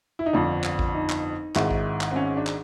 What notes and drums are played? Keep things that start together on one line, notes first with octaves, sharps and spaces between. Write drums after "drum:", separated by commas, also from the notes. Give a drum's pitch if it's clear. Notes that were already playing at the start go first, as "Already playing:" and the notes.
E4
D#4
G1 F2 D3 F3 D4
drum: clap
drum: kick A1
D#4
drum: clap
G#1 G#2 D#3 E4, drum: clap
drum: kick A1
drum: clap
C4
C#4
D4
drum: clap